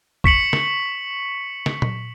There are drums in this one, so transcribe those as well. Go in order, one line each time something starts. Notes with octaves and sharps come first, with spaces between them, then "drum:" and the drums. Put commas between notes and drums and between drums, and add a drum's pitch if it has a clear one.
C#6 B6 C#7 F#7, drum: kick
drum: snare
drum: snare
drum: tom A#2